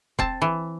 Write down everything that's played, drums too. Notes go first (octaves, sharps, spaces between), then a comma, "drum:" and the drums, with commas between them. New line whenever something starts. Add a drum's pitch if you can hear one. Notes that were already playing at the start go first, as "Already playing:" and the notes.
C4 A5, drum: kick E1
E3